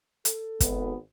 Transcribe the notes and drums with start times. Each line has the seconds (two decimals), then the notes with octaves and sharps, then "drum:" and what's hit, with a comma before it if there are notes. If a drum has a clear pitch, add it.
0.25 A4, drum: hi-hat
0.60 G#1 B3, drum: kick, hi-hat